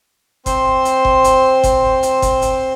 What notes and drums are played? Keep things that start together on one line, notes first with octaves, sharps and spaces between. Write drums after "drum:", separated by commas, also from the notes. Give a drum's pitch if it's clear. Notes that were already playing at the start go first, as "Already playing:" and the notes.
C4 C5 C6, drum: kick F#1, hi-hat
drum: hi-hat
drum: kick F#1
drum: hi-hat
drum: kick F#1, hi-hat
drum: hi-hat
drum: kick F#1, hi-hat
drum: hi-hat